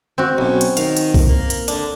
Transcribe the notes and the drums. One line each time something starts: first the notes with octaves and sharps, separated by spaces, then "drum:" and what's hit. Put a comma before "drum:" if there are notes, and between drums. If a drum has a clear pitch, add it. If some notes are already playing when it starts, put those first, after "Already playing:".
C4 F#4
B1 C#4
drum: hi-hat
D#3 F5, drum: hi-hat
drum: hi-hat
drum: kick B1, open hi-hat
A#3
drum: hi-hat
D3 D4, drum: hi-hat